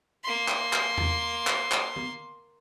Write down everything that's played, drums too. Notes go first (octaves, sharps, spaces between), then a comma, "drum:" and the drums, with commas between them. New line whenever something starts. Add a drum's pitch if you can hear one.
A#3 C6
drum: clap
drum: clap
drum: tom E2
drum: clap
drum: clap
drum: tom